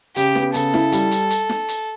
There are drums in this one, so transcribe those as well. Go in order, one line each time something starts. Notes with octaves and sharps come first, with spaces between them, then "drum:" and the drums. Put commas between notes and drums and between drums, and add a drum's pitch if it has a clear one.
C#3 G4, drum: hi-hat
B3, drum: snare
C#3 A4, drum: hi-hat
E4, drum: snare
G3, drum: hi-hat
drum: hi-hat
drum: hi-hat
drum: snare
drum: hi-hat